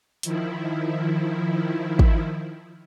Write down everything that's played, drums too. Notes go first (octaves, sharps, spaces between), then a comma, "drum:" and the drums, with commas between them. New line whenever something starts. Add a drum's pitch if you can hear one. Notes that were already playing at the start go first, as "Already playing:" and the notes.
D#3 F3 E4, drum: hi-hat
drum: kick